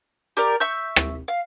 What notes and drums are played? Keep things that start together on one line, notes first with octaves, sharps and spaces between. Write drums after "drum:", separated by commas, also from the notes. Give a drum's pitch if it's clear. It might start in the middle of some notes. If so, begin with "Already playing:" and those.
G4 A#4 D5
E5 C#6 G6
drum: rim click
F5